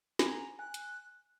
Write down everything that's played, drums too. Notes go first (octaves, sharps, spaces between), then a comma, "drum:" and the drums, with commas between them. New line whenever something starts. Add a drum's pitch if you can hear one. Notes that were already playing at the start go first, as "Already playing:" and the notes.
G#5 A#5 G#6, drum: snare
G#5 F#6
drum: hi-hat